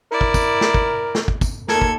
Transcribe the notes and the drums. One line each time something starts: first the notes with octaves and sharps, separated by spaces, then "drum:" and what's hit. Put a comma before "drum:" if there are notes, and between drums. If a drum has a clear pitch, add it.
E4 A#4 D5
drum: kick
drum: kick, tambourine
drum: snare
drum: kick
drum: snare
drum: kick
drum: kick, tambourine
D#2 A4 A#4 G#6, drum: snare
drum: kick